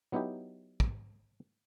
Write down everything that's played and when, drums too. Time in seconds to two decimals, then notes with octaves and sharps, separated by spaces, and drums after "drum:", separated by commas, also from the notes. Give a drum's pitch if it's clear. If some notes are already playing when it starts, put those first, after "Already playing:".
0.12 F#3 B3 D#4 E4 G4
0.80 drum: kick